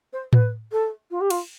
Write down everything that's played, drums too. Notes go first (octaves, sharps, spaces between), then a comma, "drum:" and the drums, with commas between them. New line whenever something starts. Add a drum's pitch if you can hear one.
C5
B4, drum: tom A2
A4
F4
G4
F4, drum: cymbal